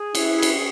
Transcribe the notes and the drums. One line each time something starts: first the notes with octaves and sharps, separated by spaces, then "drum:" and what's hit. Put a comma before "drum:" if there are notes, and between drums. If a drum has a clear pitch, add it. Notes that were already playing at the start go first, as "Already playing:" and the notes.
Already playing: G#4
E4 B4, drum: cymbal
drum: cymbal